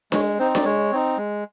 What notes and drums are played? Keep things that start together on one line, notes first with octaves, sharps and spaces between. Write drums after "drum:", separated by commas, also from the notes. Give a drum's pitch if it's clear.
G#3 C#5, drum: snare D4
C4 D#4 C5
D5, drum: snare D4
G#3 C#5
C4 D#4
G#3